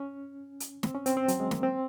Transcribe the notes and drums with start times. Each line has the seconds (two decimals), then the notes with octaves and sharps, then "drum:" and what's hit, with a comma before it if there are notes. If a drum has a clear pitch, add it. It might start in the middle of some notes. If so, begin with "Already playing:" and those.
Already playing: C#4
0.60 drum: hi-hat
0.83 C4, drum: snare
0.94 C#4
1.06 C4, drum: hi-hat
1.17 C4
1.28 F#3, drum: hi-hat
1.40 G#3
1.51 A#3, drum: snare
1.63 C4